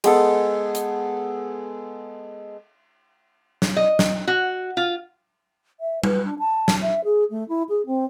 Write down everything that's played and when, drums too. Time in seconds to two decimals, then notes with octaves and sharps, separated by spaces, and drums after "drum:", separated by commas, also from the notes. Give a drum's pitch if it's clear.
0.04 G#3 B3 G#4 A4, drum: cymbal
0.75 drum: hi-hat
3.62 drum: snare
3.77 D#5
3.99 drum: snare
4.28 F#4
4.77 F4
5.80 E5
6.03 B4, drum: tom G3
6.24 D4
6.39 A5
6.68 drum: snare
6.81 E5
7.04 G#4
7.30 A3
7.49 E4
7.69 G#4
7.86 C4